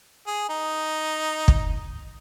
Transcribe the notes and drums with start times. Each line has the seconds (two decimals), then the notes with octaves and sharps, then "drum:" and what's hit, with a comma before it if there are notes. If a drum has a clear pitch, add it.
0.27 G#4
0.49 D#4
1.48 drum: kick